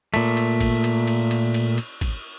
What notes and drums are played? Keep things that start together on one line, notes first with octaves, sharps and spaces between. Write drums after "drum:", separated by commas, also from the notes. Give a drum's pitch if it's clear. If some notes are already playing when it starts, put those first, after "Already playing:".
A#2 A3, drum: cymbal
drum: cymbal
drum: kick, cymbal
drum: cymbal
drum: cymbal
drum: cymbal
drum: cymbal
drum: cymbal
drum: kick, cymbal